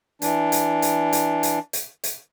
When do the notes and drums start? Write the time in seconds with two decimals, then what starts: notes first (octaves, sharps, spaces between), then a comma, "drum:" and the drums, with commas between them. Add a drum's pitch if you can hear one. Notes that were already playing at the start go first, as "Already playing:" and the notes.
0.22 E3 D4, drum: hi-hat
0.52 drum: hi-hat
0.82 drum: hi-hat
1.13 drum: hi-hat
1.43 drum: hi-hat
1.73 drum: hi-hat
2.04 drum: hi-hat